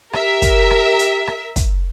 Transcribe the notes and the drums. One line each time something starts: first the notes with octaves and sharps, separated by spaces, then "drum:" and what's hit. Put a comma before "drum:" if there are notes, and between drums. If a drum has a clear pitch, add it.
G4 A#4 E5, drum: rim click
drum: kick, hi-hat
drum: rim click
drum: hi-hat
drum: rim click
drum: kick, hi-hat